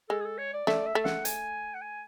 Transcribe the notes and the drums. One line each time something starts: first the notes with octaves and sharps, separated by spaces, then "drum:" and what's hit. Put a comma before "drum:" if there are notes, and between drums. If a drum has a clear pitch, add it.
G#3 A4
G#4
A4
C#5
D5
A3 D5, drum: snare
E5
A3
F#5, drum: snare
G#5, drum: hi-hat
F#5
G#5